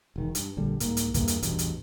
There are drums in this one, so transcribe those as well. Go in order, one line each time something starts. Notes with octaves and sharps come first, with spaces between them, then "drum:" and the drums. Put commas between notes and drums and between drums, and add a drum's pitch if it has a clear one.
E1 D#3
G2, drum: hi-hat
A#1 D3 G3
C2 G#2 A#3, drum: hi-hat
drum: hi-hat
E2 G2 E3 A#3, drum: kick, hi-hat
drum: hi-hat
A1 E2 G2 B2, drum: hi-hat
drum: hi-hat